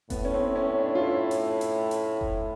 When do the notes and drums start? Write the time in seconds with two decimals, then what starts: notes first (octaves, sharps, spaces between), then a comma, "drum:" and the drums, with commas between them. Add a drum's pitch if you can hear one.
0.10 A2 B3, drum: kick F1, hi-hat
0.25 C#4
0.34 C4
0.56 C#4
0.78 D4
0.95 F4
1.01 E4
1.31 drum: hi-hat
1.61 drum: hi-hat
1.91 drum: hi-hat
2.21 drum: kick F1